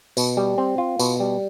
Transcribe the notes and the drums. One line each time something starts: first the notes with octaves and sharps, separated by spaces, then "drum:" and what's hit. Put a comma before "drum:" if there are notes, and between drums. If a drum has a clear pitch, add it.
B2, drum: tambourine
G3
C4
F4
B2, drum: tambourine
G3